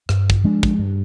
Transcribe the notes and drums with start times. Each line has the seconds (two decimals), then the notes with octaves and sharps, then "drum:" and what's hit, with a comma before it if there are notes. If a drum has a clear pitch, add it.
0.09 G2, drum: rim click
0.30 drum: kick
0.44 F3 G#3 D4
0.63 drum: kick
0.79 G2